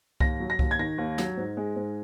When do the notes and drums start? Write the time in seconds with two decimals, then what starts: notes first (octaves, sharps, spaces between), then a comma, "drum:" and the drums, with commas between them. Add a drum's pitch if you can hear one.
0.20 D#2 A#6, drum: kick C2
0.40 F#3
0.50 A#6
0.59 D#2, drum: kick C2
0.71 G#6
0.79 D#3 A#6
0.98 D#2
1.18 F#3, drum: snare
1.37 G#2
1.57 G#3
1.76 G#2